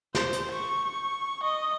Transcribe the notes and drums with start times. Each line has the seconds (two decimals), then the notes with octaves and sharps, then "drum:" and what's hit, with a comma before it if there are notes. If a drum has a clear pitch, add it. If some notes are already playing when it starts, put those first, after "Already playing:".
0.15 C5, drum: snare
0.33 drum: hi-hat
0.53 C#6
1.44 D#5